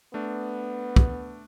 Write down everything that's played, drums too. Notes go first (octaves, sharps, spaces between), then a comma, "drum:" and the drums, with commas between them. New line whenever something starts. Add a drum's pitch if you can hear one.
A3 B3 D4
drum: kick